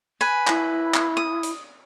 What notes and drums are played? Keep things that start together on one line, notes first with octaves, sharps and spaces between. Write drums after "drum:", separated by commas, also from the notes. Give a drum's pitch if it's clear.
B4 G#5
E4, drum: clap
drum: clap
D#6
drum: hi-hat